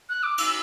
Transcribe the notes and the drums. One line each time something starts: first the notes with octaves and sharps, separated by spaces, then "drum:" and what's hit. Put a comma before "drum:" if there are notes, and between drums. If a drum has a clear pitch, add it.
F#6
D6
E6, drum: cymbal